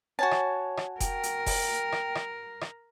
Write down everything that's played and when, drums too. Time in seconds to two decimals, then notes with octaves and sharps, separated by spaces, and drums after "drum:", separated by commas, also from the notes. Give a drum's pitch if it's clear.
0.19 F#4 C#5 G#5 A5
0.31 drum: rim click
0.77 drum: rim click
1.00 A#4 G5, drum: kick F1, hi-hat
1.23 drum: hi-hat
1.46 drum: kick F1, open hi-hat
1.92 drum: rim click
2.15 drum: rim click
2.61 drum: rim click